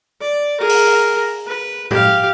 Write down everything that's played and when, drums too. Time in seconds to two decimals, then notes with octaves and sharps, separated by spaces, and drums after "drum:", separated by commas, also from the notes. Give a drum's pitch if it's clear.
0.21 D5
0.60 G#4 A#4
0.69 drum: open hi-hat
1.47 B4
1.91 G4 F5, drum: tom A2